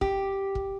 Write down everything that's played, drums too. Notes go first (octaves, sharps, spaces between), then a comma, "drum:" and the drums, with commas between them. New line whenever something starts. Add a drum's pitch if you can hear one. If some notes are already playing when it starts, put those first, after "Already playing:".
G4, drum: kick
drum: kick